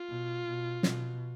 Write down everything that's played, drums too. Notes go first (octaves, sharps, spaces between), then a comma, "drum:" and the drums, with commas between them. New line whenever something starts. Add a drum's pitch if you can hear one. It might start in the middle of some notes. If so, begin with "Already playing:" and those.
Already playing: F4
B2
B2
B2, drum: snare